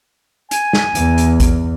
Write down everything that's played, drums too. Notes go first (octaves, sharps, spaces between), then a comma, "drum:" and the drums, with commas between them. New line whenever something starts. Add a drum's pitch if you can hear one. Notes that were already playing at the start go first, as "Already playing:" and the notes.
G#5, drum: hi-hat
drum: snare
E2, drum: hi-hat
drum: hi-hat
drum: kick, hi-hat